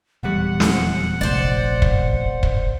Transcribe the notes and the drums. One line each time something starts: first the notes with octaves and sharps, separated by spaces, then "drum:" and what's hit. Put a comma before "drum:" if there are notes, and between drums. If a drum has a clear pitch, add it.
D#1 E2 G3 F#5
drum: snare
F1 A#1 C5 D5
drum: kick
drum: kick